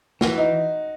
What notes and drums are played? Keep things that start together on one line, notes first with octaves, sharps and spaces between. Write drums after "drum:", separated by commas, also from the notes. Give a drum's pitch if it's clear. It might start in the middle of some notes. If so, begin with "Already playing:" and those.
E3 F#4, drum: snare
D#4